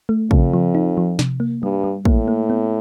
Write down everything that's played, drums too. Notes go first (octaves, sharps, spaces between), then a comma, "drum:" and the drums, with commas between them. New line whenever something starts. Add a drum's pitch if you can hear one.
A3
F2 C#3, drum: kick
F3
D#4
F3
C3, drum: snare
A#3
G2 G3
G3
A2 A#3, drum: kick
A#3
B3